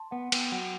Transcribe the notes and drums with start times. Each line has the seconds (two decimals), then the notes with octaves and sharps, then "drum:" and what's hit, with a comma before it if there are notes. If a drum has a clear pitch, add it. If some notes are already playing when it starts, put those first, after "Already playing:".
Already playing: A5 C6
0.11 B3 F#5
0.32 B3 G5, drum: cymbal
0.52 F#3 F#5